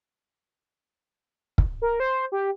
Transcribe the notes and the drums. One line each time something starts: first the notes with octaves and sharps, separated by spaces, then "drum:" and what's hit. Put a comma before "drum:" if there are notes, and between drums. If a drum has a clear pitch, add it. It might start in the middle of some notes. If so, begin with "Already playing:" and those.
drum: kick
A#4
C5
G4